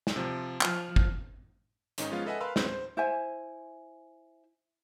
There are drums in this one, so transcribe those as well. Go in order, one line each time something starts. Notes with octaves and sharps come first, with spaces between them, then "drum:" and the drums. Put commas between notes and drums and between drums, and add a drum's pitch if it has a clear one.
drum: snare
C3 F3
F3 F6, drum: clap
drum: kick
G#2 D#3 C#4 D#4, drum: hi-hat
F3 G#3 B3 C#4 F4 F5
A4 B4 D#5 E5 F#5 G#5
A#4 B4 F5 B5 C6 E6
C4 C#4 F#4 G#4 B4 C5, drum: snare
C5
E4 C5 E5 G#5